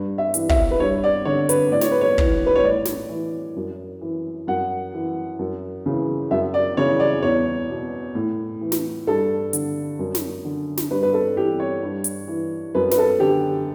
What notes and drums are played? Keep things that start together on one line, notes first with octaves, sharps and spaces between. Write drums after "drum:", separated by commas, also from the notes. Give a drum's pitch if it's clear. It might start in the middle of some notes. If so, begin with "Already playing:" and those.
Already playing: G2
E5
E3, drum: hi-hat
E5, drum: kick
B4
G2 C#5
D5
D3 C#5
B4, drum: hi-hat
A2 D5
C#5, drum: snare
B4
C#5
E3, drum: kick
B4
C#5
A2 D5
drum: snare
E3
F#2
E3
F#2 F#5
E3
F#2
C#3 E3
F#2 E5
D5
C#3 E3 C#5
D5
E2 C#5
B2
A2
E3
drum: snare
G2 A4
D3, drum: hi-hat
F#2
drum: snare
D3
drum: snare
G2 B4
B4
A4
E3 G4
C#5
G2
drum: hi-hat
E3
F#2 B4
B4, drum: snare
A4
D3 G4